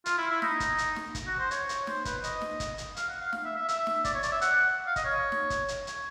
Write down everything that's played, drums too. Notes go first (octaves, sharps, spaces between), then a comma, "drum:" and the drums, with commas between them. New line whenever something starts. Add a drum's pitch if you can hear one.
F4, drum: hi-hat
E4
E4
D#4, drum: snare
drum: kick, hi-hat
drum: hi-hat
drum: snare
drum: kick, hi-hat
F#4
C5
C#5, drum: hi-hat
drum: hi-hat
C5, drum: snare
B4, drum: kick, hi-hat
D#5, drum: hi-hat
drum: snare
drum: kick, hi-hat
drum: hi-hat
F5, drum: hi-hat
F#5
F5
F5, drum: snare
E5
E5
E5, drum: hi-hat
drum: snare
D5, drum: kick, hi-hat
C#5
D5, drum: hi-hat
E5
F#5, drum: hi-hat
F5
D#5, drum: kick, hi-hat
C#5
drum: snare
drum: kick, hi-hat
drum: hi-hat
C#5, drum: hi-hat